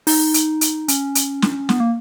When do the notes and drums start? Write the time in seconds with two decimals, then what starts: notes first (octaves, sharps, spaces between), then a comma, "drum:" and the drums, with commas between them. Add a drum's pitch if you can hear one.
0.07 D#4, drum: open hi-hat
0.34 drum: hi-hat
0.61 drum: hi-hat
0.88 C#4, drum: hi-hat
1.15 drum: hi-hat
1.42 drum: snare
1.69 B3, drum: snare
1.80 A#3